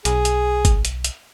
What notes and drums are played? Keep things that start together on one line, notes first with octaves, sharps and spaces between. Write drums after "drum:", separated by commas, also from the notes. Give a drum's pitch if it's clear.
B1 G#4, drum: hi-hat
drum: hi-hat
drum: kick G1, hi-hat
drum: hi-hat
drum: hi-hat